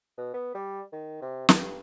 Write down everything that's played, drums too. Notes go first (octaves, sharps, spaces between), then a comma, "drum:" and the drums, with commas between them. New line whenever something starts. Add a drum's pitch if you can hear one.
B2
B3
G3
D#3
C3
G2, drum: snare